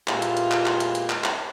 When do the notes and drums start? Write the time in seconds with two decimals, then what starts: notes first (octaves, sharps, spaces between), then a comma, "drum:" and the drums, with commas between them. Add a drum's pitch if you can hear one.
0.08 E2 A#2 G#3 F4 G4 E5, drum: clap
0.22 drum: hi-hat
0.37 drum: hi-hat
0.51 drum: clap
0.66 drum: clap
0.80 drum: hi-hat
0.95 drum: hi-hat
1.10 drum: clap
1.24 drum: clap